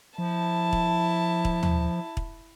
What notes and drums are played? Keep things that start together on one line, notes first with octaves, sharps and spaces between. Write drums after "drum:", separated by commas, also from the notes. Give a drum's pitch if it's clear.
F3 E4 A5
drum: kick
drum: kick
drum: tom
drum: kick